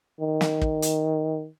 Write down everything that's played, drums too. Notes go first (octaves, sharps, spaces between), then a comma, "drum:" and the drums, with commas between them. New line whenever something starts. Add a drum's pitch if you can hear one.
D#3
drum: snare
drum: kick
drum: hi-hat